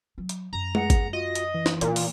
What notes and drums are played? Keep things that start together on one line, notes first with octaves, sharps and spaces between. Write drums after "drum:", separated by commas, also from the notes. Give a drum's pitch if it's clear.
F#3
drum: hi-hat
F#2 A#5
G#4 F#5 C#7, drum: tom G#3
drum: kick, hi-hat
F4 F#4 D#5
drum: hi-hat
E3
drum: snare
A#2 D#3, drum: hi-hat
drum: open hi-hat